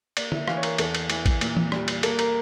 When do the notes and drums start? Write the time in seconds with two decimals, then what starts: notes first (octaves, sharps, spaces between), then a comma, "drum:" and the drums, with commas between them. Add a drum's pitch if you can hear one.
0.17 A#3 D5, drum: cymbal
0.32 E5, drum: tom D3
0.48 E3 F5, drum: rim click
0.57 C#5
0.63 A#4, drum: cymbal
0.78 E2 A4, drum: cymbal
0.95 drum: cymbal
1.10 E3, drum: cymbal
1.26 drum: kick A1, cymbal
1.41 A#2, drum: cymbal
1.57 drum: tom E3
1.72 G3, drum: rim click
1.88 drum: cymbal
2.03 A#3 A4, drum: cymbal
2.19 A#4, drum: cymbal